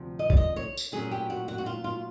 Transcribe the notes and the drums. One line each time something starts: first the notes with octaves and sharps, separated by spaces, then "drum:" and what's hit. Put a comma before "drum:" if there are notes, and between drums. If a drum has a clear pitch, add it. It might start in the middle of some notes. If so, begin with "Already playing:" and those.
Already playing: D2 C3 F3
D#5
D5, drum: kick B1
D#5
C#5
drum: tambourine
A#2 F#3 A3 C#4 G#4
G4
F#4
F#4
F#4
F4
F4